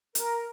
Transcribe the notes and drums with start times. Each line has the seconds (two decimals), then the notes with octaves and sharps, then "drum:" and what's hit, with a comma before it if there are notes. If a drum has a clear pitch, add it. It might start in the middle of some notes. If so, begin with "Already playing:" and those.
0.15 A#4, drum: hi-hat